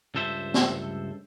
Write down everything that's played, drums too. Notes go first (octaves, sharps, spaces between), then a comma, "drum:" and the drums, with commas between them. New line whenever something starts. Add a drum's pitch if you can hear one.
C#2 G2 A4 C5 E5
drum: snare